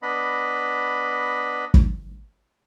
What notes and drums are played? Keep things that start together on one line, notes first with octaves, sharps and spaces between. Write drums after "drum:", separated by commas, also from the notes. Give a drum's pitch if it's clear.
B3 D4 D#5 B5
drum: kick